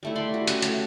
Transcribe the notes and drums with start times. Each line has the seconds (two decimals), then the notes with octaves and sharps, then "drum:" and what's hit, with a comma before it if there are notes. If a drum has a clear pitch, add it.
0.03 G3 A3 E4
0.16 D5 B5 C6
0.34 F#4
0.47 C#4 F#4 G4, drum: hi-hat
0.62 A3, drum: hi-hat